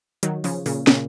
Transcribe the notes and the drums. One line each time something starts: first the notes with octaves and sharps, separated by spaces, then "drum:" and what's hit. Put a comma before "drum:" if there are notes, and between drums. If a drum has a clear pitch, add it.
D#3 F#3, drum: hi-hat
C#3 F3, drum: open hi-hat
A#2 C#3, drum: open hi-hat
A#2 C#3, drum: snare